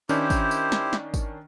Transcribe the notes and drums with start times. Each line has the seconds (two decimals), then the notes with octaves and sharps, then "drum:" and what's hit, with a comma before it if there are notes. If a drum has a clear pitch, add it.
0.09 D#3 C#4 D4 E4 G4 C5, drum: tambourine
0.30 drum: kick G#1, tambourine
0.51 drum: tambourine
0.72 drum: snare
0.93 drum: snare
1.14 drum: kick G#1, tambourine